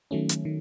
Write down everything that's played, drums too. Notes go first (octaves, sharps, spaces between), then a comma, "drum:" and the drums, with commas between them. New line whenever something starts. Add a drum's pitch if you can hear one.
D#3 F#3 A3 C#4
drum: hi-hat
D#3